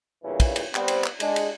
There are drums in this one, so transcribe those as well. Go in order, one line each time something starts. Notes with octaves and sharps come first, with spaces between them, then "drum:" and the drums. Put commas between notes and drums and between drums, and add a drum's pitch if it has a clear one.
E2 G2 A#2 C#3 E3
drum: kick, cymbal
drum: cymbal
G3 B3 C4, drum: clap
drum: cymbal
drum: clap
G#3 D4, drum: cymbal
drum: cymbal